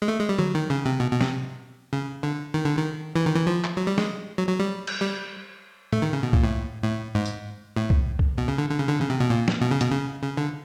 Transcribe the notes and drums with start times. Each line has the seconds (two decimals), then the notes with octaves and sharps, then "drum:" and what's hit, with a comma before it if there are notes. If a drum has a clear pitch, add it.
0.02 G#3
0.08 A3
0.19 G#3
0.29 G3
0.39 F#3, drum: tom D3
0.55 D#3
0.70 C#3
0.85 C3
1.00 B2
1.11 B2
1.21 C3, drum: snare
1.93 C#3
2.23 D3
2.54 D#3
2.65 D3
2.77 D#3
3.16 E3
3.26 D#3
3.36 E3
3.47 F3
3.64 drum: clap
3.77 F#3
3.87 G3
3.98 G#3, drum: snare
4.38 F#3
4.48 F#3
4.60 G3
4.87 drum: cymbal
5.00 G3
5.92 A3, drum: tom A2
6.02 D#3
6.13 C#3
6.23 B2
6.33 A#2, drum: kick C2
6.44 A2
6.84 A2
7.15 G#2
7.25 drum: tambourine
7.76 A2
7.90 drum: kick C2
8.19 drum: kick C2
8.38 B2
8.48 C#3
8.58 D3
8.69 D3
8.79 C#3
8.89 D3
9.00 C#3, drum: tom
9.10 C3
9.20 B2
9.30 A#2
9.48 drum: snare
9.61 B2
9.71 C#3
9.81 B2, drum: hi-hat
9.92 C#3
10.22 C#3
10.37 D3